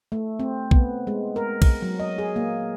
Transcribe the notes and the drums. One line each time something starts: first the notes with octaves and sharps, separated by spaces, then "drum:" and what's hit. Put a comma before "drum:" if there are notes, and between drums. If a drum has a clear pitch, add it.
A3
C4
B3, drum: kick
G#3
A#4
drum: kick, cymbal
F#3
D#5
G#4
A#3